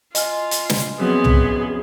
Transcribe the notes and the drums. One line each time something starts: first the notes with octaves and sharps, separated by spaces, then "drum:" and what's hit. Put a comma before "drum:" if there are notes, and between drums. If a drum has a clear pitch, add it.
F4 D#5 G#5 F6, drum: hi-hat
drum: hi-hat
drum: snare
F#2 F3 B3 C4 G#4
drum: tom C2